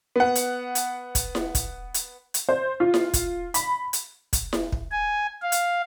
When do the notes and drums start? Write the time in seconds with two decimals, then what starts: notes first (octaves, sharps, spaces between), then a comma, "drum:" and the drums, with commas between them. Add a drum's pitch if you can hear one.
0.16 B3 F#5
0.35 drum: hi-hat
0.75 drum: hi-hat
1.15 drum: kick, hi-hat
1.35 drum: snare E4
1.55 drum: kick, hi-hat
1.94 drum: hi-hat
2.34 drum: hi-hat
2.49 C5
2.80 F4
2.94 drum: snare E4
3.14 drum: kick, hi-hat
3.54 B5, drum: hi-hat
3.93 drum: hi-hat
4.33 drum: kick, hi-hat
4.53 drum: snare E4
4.72 drum: kick
4.92 G#5
5.42 F5
5.52 drum: hi-hat